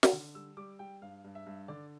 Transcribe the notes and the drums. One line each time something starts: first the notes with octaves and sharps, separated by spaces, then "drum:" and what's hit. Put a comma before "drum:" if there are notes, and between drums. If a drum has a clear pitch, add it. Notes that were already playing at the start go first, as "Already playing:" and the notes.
drum: snare
D3
G3 E6
G3 D6
G3 G5
G2 F5
G2
E5
G2
D3 D5